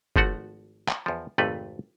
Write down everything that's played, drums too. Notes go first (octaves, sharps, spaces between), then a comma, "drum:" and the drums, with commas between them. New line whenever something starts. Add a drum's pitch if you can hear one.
G#1 F3 A3 F#4 F#5, drum: kick
drum: clap
E2 F3
G#1 F2 C3 A3 B4